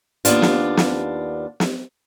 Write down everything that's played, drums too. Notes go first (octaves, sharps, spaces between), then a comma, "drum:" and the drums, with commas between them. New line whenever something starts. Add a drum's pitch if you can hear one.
D#2 B3 D4 F4, drum: hi-hat
drum: snare
drum: snare
drum: snare